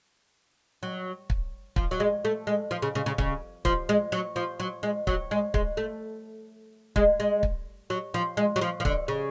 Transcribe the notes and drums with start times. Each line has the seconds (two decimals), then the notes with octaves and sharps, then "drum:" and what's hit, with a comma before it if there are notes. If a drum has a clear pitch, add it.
0.83 F#3
1.30 drum: kick
1.76 F3, drum: kick
1.91 F#3
2.00 G#3
2.25 A3
2.47 G#3
2.71 F3
2.82 C#3
2.95 C#3
3.06 C#3
3.18 C#3, drum: kick
3.65 F3, drum: kick
3.89 G#3
4.12 F#3
4.36 F3
4.60 F#3
4.83 G#3
5.07 F#3, drum: kick
5.31 G#3
5.54 G#3, drum: kick
5.77 A3
6.96 G#3, drum: kick
7.20 G#3
7.43 drum: kick
7.90 F#3
8.14 F3
8.37 G#3
8.56 F#3
8.61 F3
8.80 F3
8.85 D3, drum: kick
9.08 C#3